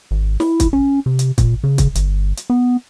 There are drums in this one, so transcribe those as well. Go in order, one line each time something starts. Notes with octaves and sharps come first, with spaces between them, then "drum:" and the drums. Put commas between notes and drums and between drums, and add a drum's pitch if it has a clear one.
G#1
E4, drum: snare
drum: kick, hi-hat
C#4
C3
drum: hi-hat
A#2, drum: kick, hi-hat
C#3
drum: kick, hi-hat
G1, drum: hi-hat
drum: hi-hat
B3